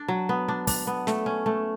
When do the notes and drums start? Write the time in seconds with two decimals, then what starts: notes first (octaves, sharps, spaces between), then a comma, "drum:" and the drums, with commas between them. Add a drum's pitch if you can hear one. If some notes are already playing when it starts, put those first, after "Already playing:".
Already playing: D4
0.08 F#3
0.29 B3
0.48 D4
0.67 D4, drum: kick, open hi-hat
0.87 B3
1.07 A3, drum: snare
1.26 C#4
1.46 A3